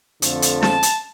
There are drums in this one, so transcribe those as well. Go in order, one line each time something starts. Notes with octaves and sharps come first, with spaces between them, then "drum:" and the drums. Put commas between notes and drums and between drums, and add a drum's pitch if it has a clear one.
F2 D3 F3 A3, drum: hi-hat
drum: hi-hat
A5, drum: snare
drum: hi-hat